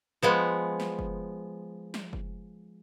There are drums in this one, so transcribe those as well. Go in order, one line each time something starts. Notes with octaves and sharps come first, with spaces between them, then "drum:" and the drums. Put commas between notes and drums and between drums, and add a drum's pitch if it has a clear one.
F3 G#3 B3
drum: snare
drum: kick F#1
drum: snare
drum: kick F#1